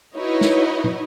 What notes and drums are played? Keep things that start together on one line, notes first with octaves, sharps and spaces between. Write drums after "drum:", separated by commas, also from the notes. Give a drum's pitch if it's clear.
D#4 E4 F#4 B4 C#5 D#5
drum: snare
drum: tom